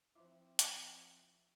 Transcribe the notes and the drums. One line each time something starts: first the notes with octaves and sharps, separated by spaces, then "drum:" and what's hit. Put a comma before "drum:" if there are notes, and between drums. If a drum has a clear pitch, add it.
F3 C4 E4 C5 C6 D6
drum: hi-hat